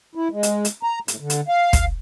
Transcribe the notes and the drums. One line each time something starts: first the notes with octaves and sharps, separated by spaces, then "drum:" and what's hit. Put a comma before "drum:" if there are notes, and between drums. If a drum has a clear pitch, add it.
E4
G#3
drum: hi-hat
drum: hi-hat
A#5
A2, drum: hi-hat
D3
drum: hi-hat
F5
drum: kick, hi-hat